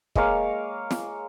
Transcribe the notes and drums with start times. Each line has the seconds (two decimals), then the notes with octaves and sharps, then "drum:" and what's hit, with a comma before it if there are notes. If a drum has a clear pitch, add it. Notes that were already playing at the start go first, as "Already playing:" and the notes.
0.16 G#3 A#3 C#5 F5, drum: kick
0.91 drum: snare